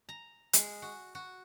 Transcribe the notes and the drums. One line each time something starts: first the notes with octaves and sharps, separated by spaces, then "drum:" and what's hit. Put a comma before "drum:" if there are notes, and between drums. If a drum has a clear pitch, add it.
A#5
G#3, drum: hi-hat
F#4
F#4